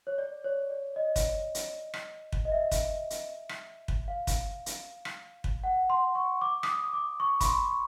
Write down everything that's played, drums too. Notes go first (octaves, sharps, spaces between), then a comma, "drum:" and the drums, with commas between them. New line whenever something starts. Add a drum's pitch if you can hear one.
C#5
D5
C#5
D5
D#5
drum: kick, hi-hat
drum: hi-hat
drum: rim click
drum: kick
D#5
E5
drum: kick, hi-hat
drum: hi-hat
drum: rim click
drum: kick
F5
drum: kick, hi-hat
drum: hi-hat
drum: rim click
drum: kick
F#5
C6
C#6
D6
D#6, drum: rim click
D6
D6
C#6
B5, drum: kick, hi-hat
C6
C#6